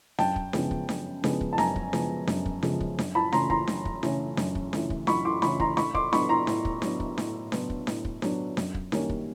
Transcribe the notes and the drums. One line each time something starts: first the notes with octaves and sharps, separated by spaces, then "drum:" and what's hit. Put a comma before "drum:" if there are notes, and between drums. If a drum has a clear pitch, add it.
F#2 G5 A5, drum: snare D4
drum: kick
C#3 F3 G#3 B3, drum: snare D4
drum: kick
F#2, drum: snare D4
C#3 F3 G#3 B3, drum: snare D4
drum: kick
A5
F#2 G#5 A#5, drum: snare D4
drum: kick
C#3 F3 G#3 B3, drum: snare D4
F#2, drum: snare D4
drum: kick
C#3 F3 G#3 B3, drum: snare D4
drum: kick
F#2, drum: snare D4
A5 B5
C#3 E3 A3 C#4 A#5 C6, drum: snare D4
A#5 C6, drum: kick
F#2, drum: snare D4
drum: kick
C#3 E3 A3 C#4, drum: snare D4
F#2, drum: snare D4
drum: kick
C#3 E3 A3 C#4, drum: snare D4
drum: kick
F#2 B5 C#6, drum: snare D4
C6 D6
C#3 E3 A3 C#4 B5 C#6, drum: snare D4
A#5 C6, drum: kick
A2 B5 C#6, drum: snare D4
C6 D6, drum: kick
F#3 B3 D4 B5 C#6, drum: snare D4
A#5 C6
A2, drum: snare D4
drum: kick
F#3 B3 D4, drum: snare D4
drum: kick
A2, drum: snare D4
F#3 B3 D4, drum: snare D4
drum: kick
A2, drum: snare D4
drum: kick
F#3 B3 D4, drum: snare D4
F#2, drum: snare D4
drum: kick
D#3 G3 A#3 C#4, drum: snare D4
drum: kick